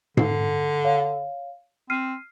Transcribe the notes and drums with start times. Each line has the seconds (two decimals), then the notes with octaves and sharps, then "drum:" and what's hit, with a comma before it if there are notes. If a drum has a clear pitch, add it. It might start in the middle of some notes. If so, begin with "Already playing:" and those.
0.17 D3 C7, drum: tom G#2
0.85 C#5 F5
1.90 C4 F6 C7 D#7